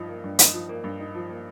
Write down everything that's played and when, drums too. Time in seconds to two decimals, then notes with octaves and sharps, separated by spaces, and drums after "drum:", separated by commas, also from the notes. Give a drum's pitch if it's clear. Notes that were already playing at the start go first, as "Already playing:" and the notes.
Already playing: G2 F3 D#4
0.09 A#3
0.24 G2
0.39 D#4, drum: hi-hat
0.53 F3
0.69 A#3
0.84 G2
1.00 D#4
1.15 F3
1.30 A#3